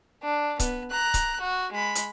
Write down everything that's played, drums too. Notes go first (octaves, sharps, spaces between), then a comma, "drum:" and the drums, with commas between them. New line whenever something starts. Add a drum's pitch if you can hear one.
D4
B3, drum: kick C#1, hi-hat
A#5 F#6
drum: kick C#1, hi-hat
F#4
G#3 B5
drum: hi-hat